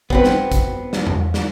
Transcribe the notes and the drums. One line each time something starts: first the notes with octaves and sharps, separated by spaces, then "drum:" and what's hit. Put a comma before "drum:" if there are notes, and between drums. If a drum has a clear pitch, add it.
B3 C4 B4, drum: kick
drum: snare
drum: kick, hi-hat
drum: snare
drum: tom E2
drum: snare